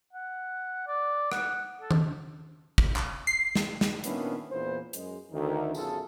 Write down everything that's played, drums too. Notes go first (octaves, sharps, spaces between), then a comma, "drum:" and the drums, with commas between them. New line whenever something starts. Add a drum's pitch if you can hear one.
F#5
D5
F#5, drum: rim click
A4
drum: tom D#3
drum: kick
drum: clap
C7
drum: snare
drum: snare
A#2 D#3 B3 C#4 D4 E4, drum: hi-hat
E2 A#2 B4 C5
F#2 G#3, drum: hi-hat
D2 D#3
B1 F#2 F4 G#4 A4, drum: tambourine